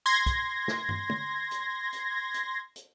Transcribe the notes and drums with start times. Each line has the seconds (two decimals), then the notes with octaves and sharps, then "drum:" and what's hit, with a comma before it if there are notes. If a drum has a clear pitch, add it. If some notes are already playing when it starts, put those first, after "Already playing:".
0.06 C6 G#6 A#6
0.26 drum: kick, hi-hat
0.68 drum: snare
0.89 drum: tom
1.10 drum: tom
1.51 drum: hi-hat
1.93 drum: hi-hat
2.34 drum: hi-hat
2.76 drum: hi-hat